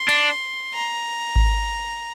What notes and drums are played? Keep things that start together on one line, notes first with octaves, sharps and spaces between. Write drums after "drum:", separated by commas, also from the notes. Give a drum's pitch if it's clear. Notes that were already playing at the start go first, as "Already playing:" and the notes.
Already playing: C6
D4, drum: cymbal
A#5
drum: kick G#1